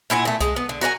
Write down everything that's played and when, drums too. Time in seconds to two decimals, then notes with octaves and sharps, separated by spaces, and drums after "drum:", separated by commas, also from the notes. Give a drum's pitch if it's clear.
0.10 A#2 E4 F#5 G#5
0.25 A#2 A3
0.41 G#3, drum: kick C2, hi-hat
0.56 B3
0.69 D3
0.81 F#4 A#4 C#5 G#5